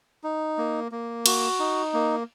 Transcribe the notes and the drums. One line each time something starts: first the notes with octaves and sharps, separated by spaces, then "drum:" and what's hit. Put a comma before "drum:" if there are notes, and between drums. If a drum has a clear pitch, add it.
D#4
A#3
A#3
F#4, drum: cymbal
D#4
A#3